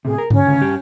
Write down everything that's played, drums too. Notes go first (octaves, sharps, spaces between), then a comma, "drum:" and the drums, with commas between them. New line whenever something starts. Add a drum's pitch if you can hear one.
A2 C3 G#4
A#4
D2 C#4, drum: tom G2
D2 C#3
G2 G4